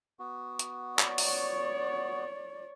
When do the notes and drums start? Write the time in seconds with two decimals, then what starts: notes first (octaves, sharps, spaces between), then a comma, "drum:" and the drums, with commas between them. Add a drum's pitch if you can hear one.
0.19 B3 F#4
0.59 drum: hi-hat
0.99 C#5 D5, drum: clap
1.18 drum: open hi-hat